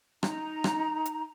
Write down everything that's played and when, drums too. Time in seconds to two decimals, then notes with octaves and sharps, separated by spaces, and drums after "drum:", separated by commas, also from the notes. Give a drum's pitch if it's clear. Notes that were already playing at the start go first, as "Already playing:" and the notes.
0.23 D#4 A#5, drum: rim click
0.64 drum: rim click
1.05 drum: hi-hat